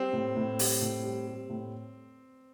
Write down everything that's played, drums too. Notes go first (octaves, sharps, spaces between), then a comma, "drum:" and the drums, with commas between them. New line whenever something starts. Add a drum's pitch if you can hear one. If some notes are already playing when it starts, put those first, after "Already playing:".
Already playing: G3 C4
A2
A2
G3, drum: open hi-hat
A2
G3
G3
A2